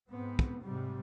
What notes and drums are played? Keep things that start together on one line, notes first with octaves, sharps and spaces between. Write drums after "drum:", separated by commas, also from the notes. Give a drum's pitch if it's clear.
G#2 B3 C4
drum: kick
G#2 C3 G3